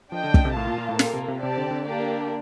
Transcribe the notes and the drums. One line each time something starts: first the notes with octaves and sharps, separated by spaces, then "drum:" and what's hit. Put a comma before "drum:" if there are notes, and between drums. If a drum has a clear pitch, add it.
F3 D4 A4 D#5 G5
D3
D3, drum: kick
C3
A2 F4 A#4 F5 A5
A#2
A#2
A2
A#2 A#3 F4 A4, drum: snare
C3
C3
C3 C4 G4 D5 A5
D3
D3
A#3 D4 G4 D5